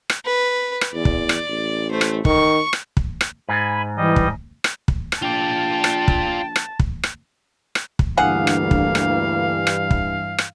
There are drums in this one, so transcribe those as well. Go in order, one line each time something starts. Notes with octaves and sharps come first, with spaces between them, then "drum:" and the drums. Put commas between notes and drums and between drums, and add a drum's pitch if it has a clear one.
drum: rim click
B4
drum: rim click
E2 D5
drum: kick
drum: rim click
A1
A3 C5
drum: rim click
D#3 C#6, drum: kick
drum: rim click
drum: kick
drum: rim click
G#2 G#5 B5
E3 G3 D#5
drum: kick
drum: rim click
drum: kick
drum: rim click
A#1 F4 D5 G5 A5
drum: rim click
drum: kick
drum: rim click
drum: kick
drum: rim click
drum: rim click
drum: kick
D2 G2 D3 E3 A#3 G#4 F5 F#5
drum: rim click
drum: kick
drum: rim click
drum: rim click
drum: kick
drum: rim click